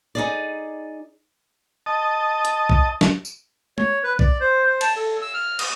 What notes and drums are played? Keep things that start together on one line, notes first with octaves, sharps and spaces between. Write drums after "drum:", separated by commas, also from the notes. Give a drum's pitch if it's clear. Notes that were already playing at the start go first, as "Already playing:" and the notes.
D#4 G#4 D5
D#5 A5 D#6
drum: hi-hat
drum: kick
drum: snare
drum: tambourine
C#5, drum: tom
B4
D5, drum: kick
C5
C5
A5, drum: cymbal
A4
E6
F6
D#6, drum: cymbal